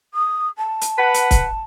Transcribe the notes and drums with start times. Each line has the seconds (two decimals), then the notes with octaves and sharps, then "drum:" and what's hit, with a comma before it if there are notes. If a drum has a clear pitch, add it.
0.14 D#6
0.57 A5
0.81 drum: hi-hat
0.98 B4 F#5
1.14 drum: hi-hat
1.31 drum: kick C#1, hi-hat